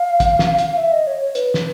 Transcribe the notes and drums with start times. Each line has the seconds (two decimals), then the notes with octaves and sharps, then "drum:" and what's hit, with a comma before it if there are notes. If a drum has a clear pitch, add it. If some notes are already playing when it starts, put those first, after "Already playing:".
Already playing: F5
0.20 drum: kick, hi-hat
0.39 drum: snare
0.58 drum: hi-hat
0.77 E5
0.92 D#5
1.07 C#5
1.21 C#5
1.35 B4, drum: hi-hat
1.54 drum: snare